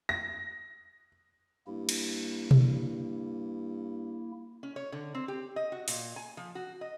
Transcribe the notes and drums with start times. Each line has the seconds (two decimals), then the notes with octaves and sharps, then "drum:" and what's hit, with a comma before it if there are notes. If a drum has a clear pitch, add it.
0.09 A#6
1.67 G2 A#3 E4
1.89 drum: cymbal
2.51 drum: tom B2
4.63 C#4
4.76 C#5
4.92 D3
5.15 C4
5.28 G4
5.56 D#5
5.72 F#4
5.88 A#2, drum: open hi-hat
6.16 G#5
6.37 F3
6.55 F#4
6.81 D#5